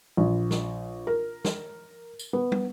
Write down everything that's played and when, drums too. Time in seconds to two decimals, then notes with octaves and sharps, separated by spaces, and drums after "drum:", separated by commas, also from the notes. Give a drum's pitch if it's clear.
0.17 A#1
0.51 drum: snare
1.07 A#4
1.45 drum: snare
2.19 drum: tambourine
2.33 B3
2.52 drum: tom